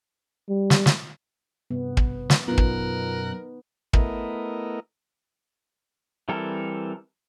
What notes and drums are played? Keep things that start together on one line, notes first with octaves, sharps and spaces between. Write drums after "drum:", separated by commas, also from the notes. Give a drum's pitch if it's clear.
G3
drum: snare
drum: snare
G2 C3 B3
drum: kick
drum: snare
F#2 B2 B3 D#4 F4 A#4 F#6
drum: kick
A3 B3 E4 A#4 D#5, drum: kick
E3 G3 C4 A4 A#4